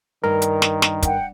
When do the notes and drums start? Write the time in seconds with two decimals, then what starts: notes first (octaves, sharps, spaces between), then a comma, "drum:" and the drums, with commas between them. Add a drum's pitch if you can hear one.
0.24 G2 D#3 A#4
0.42 drum: hi-hat
0.62 drum: snare
0.82 drum: snare
1.02 F#5 G5, drum: kick, hi-hat